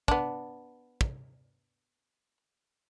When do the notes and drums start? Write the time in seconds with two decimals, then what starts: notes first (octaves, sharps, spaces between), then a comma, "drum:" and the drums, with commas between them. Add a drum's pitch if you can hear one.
0.08 B3 D4, drum: kick
1.01 drum: kick